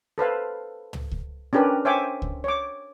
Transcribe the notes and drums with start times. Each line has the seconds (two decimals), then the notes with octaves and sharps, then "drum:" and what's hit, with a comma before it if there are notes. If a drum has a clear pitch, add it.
0.18 A4 B4 C5 F5
0.93 drum: tom
1.11 drum: kick C#2
1.53 C#4 D4 G4 A#4 B4
1.85 C5 C#5 E5 G5 G#5 D6
2.22 drum: kick C#2
2.44 C#5 D6